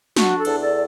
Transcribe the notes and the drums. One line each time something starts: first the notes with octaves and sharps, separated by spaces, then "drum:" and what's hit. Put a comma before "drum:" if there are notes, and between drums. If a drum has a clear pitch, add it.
D4 F#4, drum: snare
A4
E2, drum: cymbal
A4 D5